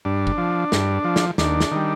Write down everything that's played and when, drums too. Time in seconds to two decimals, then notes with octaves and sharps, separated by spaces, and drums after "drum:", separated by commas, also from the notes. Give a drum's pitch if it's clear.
0.05 G2 D4
0.27 drum: kick
0.38 F3
0.72 G2, drum: snare
1.04 F3
1.16 drum: snare
1.38 D#2 D4, drum: snare
1.61 drum: snare
1.71 D#3 G3